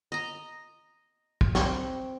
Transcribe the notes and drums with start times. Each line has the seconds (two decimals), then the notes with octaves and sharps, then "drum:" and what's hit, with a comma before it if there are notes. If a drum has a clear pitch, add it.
0.12 D#5 A#5
1.41 drum: kick
1.55 C4 G5 C#6, drum: snare